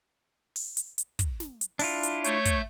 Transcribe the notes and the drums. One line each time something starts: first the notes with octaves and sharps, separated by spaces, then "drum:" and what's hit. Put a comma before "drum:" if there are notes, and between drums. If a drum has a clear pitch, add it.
drum: open hi-hat
drum: hi-hat
drum: hi-hat
drum: kick, hi-hat
drum: snare
drum: hi-hat
D4 E4 F4, drum: open hi-hat
drum: hi-hat
A3 C#5 G6, drum: hi-hat
drum: kick, hi-hat